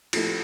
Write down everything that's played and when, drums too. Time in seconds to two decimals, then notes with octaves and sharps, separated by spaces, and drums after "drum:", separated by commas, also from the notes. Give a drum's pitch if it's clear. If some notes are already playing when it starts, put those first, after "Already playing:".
0.13 F3 A3 E4, drum: cymbal